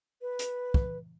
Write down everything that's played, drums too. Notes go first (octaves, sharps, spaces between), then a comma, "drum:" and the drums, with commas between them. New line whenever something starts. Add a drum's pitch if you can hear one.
B4
drum: hi-hat
drum: kick